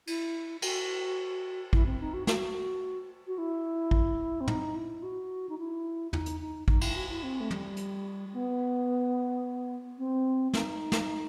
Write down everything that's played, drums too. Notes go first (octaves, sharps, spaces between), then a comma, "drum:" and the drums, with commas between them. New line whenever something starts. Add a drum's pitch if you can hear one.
E4, drum: cymbal
F#4, drum: cymbal
E4, drum: kick
C4
D#4
F#4
F#4, drum: snare
F#4
E4
drum: kick
C4
D#4, drum: tom
E4
F#4
D#4
E4
D#4, drum: tom
drum: hi-hat
D#4
D#4, drum: kick
E4, drum: cymbal
F#4
E4
C4
A3
G3, drum: tom
drum: hi-hat
B3
C4
D#4, drum: snare
drum: snare